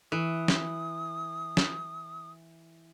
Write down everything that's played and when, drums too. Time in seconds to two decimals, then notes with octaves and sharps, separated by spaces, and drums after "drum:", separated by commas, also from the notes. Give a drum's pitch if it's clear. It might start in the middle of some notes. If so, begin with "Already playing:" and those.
0.12 E3 D#6
0.48 drum: snare
1.57 drum: snare